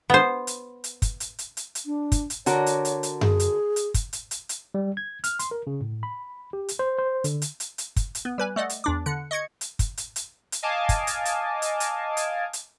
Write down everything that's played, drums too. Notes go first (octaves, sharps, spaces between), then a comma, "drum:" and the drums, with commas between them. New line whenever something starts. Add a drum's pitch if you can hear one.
B3 C5
drum: hi-hat
drum: hi-hat
drum: kick, hi-hat
drum: hi-hat
drum: hi-hat
drum: hi-hat
drum: hi-hat
D4
drum: kick, hi-hat
drum: hi-hat
D3 F#4 A#4 C#5, drum: hi-hat
drum: hi-hat
drum: hi-hat
drum: hi-hat
G#4, drum: tom F#2
drum: hi-hat
drum: hi-hat
drum: kick, hi-hat
drum: hi-hat
drum: hi-hat
drum: hi-hat
G3
G#6
F6, drum: hi-hat
C6, drum: hi-hat
A#4
C#3
A2
B5
G4
drum: hi-hat
C5
C5
D3, drum: hi-hat
drum: hi-hat
drum: hi-hat
drum: hi-hat
drum: kick, hi-hat
drum: hi-hat
B3
G3 B4 G#5
A3 D5 D#5 F#5
drum: hi-hat
E2 D4 D6
D3 F#6 C#7
D#5 C#6 G#6 C#7
drum: hi-hat
drum: kick, hi-hat
drum: hi-hat
drum: hi-hat
drum: hi-hat
D#5 F5 G#5 A5 D6
drum: kick, hi-hat
drum: hi-hat
drum: hi-hat
drum: hi-hat
drum: hi-hat
drum: hi-hat
drum: hi-hat